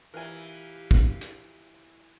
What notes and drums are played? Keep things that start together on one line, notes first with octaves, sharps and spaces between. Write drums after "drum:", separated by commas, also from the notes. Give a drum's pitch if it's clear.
E3 F4 G4 A#4 E5 F5 G#5
drum: kick
drum: hi-hat